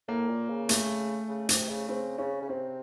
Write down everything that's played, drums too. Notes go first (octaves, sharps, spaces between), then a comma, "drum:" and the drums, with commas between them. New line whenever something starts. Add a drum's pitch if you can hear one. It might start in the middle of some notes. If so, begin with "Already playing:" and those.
A2 A#3
A#2
C#3
A3, drum: hi-hat
C#3
C3, drum: hi-hat
C#3
C#3 C4
C#3 C#4
C#3
C3 C4